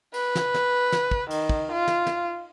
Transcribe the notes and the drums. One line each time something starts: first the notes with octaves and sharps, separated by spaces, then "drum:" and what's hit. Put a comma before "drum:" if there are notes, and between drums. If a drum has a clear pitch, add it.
B4, drum: cymbal
drum: snare
drum: snare
drum: snare
drum: kick
D#3, drum: cymbal
drum: kick
F4
drum: snare
drum: snare